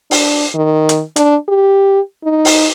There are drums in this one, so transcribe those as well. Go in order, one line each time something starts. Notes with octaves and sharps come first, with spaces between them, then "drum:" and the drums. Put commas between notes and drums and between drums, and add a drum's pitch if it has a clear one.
D4, drum: open hi-hat
D#3
drum: hi-hat
D4, drum: hi-hat
G4
D#4
drum: open hi-hat